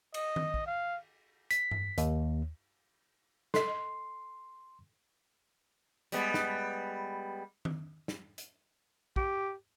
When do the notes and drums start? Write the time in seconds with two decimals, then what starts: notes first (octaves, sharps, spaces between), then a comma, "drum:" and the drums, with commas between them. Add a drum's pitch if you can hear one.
0.14 D#5, drum: cymbal
0.36 drum: tom D#3
0.54 drum: kick
0.66 F5
1.51 B6, drum: hi-hat
1.71 drum: tom G2
1.98 D#2, drum: hi-hat
3.54 A4 D#5 C6, drum: snare
6.12 G3 G#3 B3, drum: hi-hat
6.34 drum: snare
7.65 drum: tom D#3
8.08 drum: snare
8.38 drum: hi-hat
9.16 G4, drum: kick